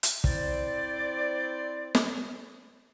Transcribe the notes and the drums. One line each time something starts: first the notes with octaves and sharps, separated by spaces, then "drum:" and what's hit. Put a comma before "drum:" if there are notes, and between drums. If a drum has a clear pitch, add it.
drum: hi-hat
C4 E4 C5 D5, drum: kick
drum: snare